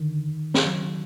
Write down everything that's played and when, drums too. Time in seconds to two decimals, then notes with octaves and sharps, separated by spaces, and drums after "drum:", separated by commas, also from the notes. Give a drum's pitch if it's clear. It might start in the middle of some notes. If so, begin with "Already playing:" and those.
Already playing: D3 D#3
0.54 drum: snare
0.66 F#3